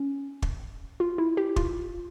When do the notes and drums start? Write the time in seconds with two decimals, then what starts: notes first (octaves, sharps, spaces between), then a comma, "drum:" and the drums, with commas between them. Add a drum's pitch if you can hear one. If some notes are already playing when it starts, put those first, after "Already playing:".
Already playing: C#4
0.42 drum: kick
1.00 F4
1.18 E4
1.37 G4
1.56 F4, drum: kick